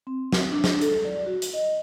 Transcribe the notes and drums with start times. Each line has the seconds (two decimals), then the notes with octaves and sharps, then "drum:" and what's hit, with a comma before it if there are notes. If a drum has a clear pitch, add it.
0.07 C4
0.32 drum: snare
0.52 D4
0.64 drum: snare
0.81 A4, drum: hi-hat
1.05 D5
1.26 F#4
1.42 drum: hi-hat
1.54 D#5